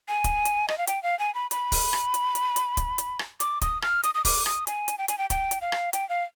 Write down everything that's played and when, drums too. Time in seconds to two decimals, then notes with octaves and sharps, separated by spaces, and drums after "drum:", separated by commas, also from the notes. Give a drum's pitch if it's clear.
0.08 G#5
0.24 drum: kick, hi-hat
0.45 drum: hi-hat
0.68 D#5, drum: rim click
0.78 F5
0.87 G5, drum: hi-hat
1.03 F5
1.19 G#5
1.35 B5
1.51 B5, drum: hi-hat
1.72 drum: kick, open hi-hat
1.93 drum: rim click
2.14 drum: hi-hat
2.35 drum: hi-hat
2.56 drum: hi-hat
2.77 drum: kick, hi-hat
2.98 drum: hi-hat
3.19 drum: rim click
3.40 D6, drum: hi-hat
3.61 D#6, drum: kick, hi-hat
3.82 F6, drum: rim click
4.03 D#6, drum: hi-hat
4.15 D#6
4.25 D6, drum: kick, open hi-hat
4.46 D#6, drum: rim click
4.67 G#5, drum: hi-hat
4.88 drum: hi-hat
4.98 G5
5.08 G#5, drum: hi-hat
5.18 G5
5.30 G5, drum: kick, hi-hat
5.51 drum: hi-hat
5.61 F5
5.72 drum: rim click
5.93 G5, drum: hi-hat
6.09 F5